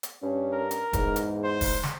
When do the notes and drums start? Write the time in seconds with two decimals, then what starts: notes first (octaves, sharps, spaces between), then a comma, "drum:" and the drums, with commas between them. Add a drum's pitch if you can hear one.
0.03 drum: hi-hat
0.23 G2 C#4
0.53 A#4
0.71 drum: hi-hat
0.93 E2 G#2, drum: kick, hi-hat
1.16 drum: hi-hat
1.44 C5
1.61 drum: kick, open hi-hat
1.83 drum: snare